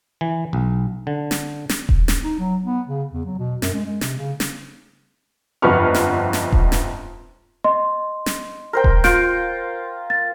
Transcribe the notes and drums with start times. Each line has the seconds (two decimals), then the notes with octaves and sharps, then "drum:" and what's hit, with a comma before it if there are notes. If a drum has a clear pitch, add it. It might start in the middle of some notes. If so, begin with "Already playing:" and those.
0.21 E3
0.53 B1
1.07 D3
1.31 drum: snare
1.69 drum: snare
1.89 drum: kick D#1
2.08 drum: snare
2.24 D#4
2.39 F#3
2.64 B3
2.88 C#3
3.13 E2
3.25 F#3
3.38 B2
3.62 F#2, drum: snare
3.74 G#3
3.86 G#3
4.01 C3, drum: snare
4.17 C#3
4.40 drum: snare
5.62 G1 F2 B3 B4 C#6 F6
5.94 drum: snare
6.33 drum: snare
6.52 drum: kick D#1
6.72 drum: snare
7.64 D#5 C6
8.26 drum: snare
8.73 A#4 C5 G5
8.84 drum: kick D#1
9.04 F4 G6 D7, drum: snare
10.10 A6